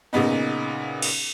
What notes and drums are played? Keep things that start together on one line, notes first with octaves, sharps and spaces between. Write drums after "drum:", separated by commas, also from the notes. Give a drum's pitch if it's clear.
A#2 C#3 B3 D#4
drum: cymbal